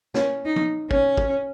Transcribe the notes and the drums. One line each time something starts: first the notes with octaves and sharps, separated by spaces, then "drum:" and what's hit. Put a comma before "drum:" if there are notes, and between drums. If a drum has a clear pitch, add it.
C#4, drum: snare
D#4
drum: tom
C#4, drum: kick
drum: kick